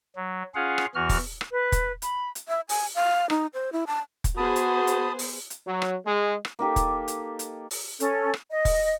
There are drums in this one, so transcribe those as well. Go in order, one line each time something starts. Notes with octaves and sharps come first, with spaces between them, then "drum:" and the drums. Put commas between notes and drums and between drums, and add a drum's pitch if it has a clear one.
F#3
C#4 F4 G#4 F5 F#5
drum: rim click
E2 E3 F#4 F6
drum: kick, open hi-hat
drum: rim click
B4
drum: kick, hi-hat
B5, drum: hi-hat
drum: hi-hat
E5
G#5, drum: open hi-hat
F5
D#4, drum: rim click
C5
E4
A5
drum: kick, hi-hat
B3 F#4 G#4 C5 A5 B5 D#6
drum: hi-hat
drum: hi-hat
drum: open hi-hat
drum: hi-hat
F#3
drum: rim click
G#3
drum: rim click
A#3 D#4 G4 A4
drum: kick, hi-hat
drum: hi-hat
drum: hi-hat
drum: open hi-hat
C#4 A4, drum: hi-hat
drum: rim click
D#5
drum: kick, open hi-hat